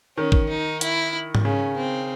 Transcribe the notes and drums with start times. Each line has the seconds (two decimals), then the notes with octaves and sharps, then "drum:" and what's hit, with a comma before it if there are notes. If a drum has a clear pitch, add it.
0.17 D#3 C#4
0.32 drum: kick A1
0.49 D#4
0.81 E4, drum: hi-hat
1.35 drum: tom G#2
1.44 C#3 C#4
1.76 C4